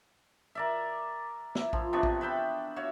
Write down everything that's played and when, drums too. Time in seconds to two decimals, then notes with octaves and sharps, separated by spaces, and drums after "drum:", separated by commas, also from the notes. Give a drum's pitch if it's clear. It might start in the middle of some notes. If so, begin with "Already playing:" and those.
0.55 A#4 D5 E5
1.55 E4, drum: snare
1.73 F3, drum: kick A#1
1.93 C3 B3 D4 C#6
2.03 drum: kick A#1
2.21 B4 E5 G5 B5
2.76 F#4 C#5 E5 F5